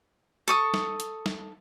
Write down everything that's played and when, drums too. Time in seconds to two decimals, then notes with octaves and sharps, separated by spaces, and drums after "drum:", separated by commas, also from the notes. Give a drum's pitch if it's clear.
0.48 A4 C#6 D#6, drum: hi-hat
0.74 drum: snare
1.00 drum: hi-hat
1.26 drum: snare